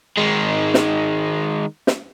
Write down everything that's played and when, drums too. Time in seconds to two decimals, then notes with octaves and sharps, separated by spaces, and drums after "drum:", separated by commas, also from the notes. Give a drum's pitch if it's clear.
0.18 D#3 G#3
0.74 drum: snare
1.87 drum: snare